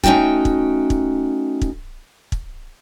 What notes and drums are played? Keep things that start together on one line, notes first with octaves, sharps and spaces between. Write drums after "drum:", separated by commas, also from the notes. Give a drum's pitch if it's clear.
A3 C#4 D#4 F#4 G5, drum: kick
drum: kick
drum: kick
drum: kick
drum: kick